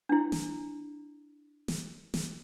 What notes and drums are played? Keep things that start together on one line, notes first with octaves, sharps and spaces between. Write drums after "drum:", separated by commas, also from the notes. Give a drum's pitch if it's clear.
D4 E4
drum: snare
drum: snare
drum: snare